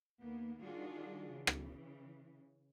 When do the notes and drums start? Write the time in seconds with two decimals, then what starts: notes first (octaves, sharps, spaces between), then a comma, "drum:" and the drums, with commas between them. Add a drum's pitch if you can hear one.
0.21 D#2 A#3 B3
0.61 D#3 G3 D4 F4 F#4 G#4
1.29 C#3 E3
1.47 drum: rim click